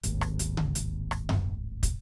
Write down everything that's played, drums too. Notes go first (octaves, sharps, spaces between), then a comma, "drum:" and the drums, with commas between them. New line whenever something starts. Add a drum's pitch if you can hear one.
D1 G#1 D#2, drum: hi-hat
drum: rim click
drum: hi-hat
drum: tom C#3
drum: hi-hat
drum: rim click
drum: tom F#2
drum: kick, hi-hat